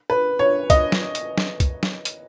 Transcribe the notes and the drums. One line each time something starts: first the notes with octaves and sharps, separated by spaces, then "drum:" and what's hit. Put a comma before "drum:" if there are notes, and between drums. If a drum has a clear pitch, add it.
B4
C#5
D#5, drum: kick, hi-hat
drum: snare
drum: hi-hat
drum: snare
drum: kick, hi-hat
drum: snare
drum: hi-hat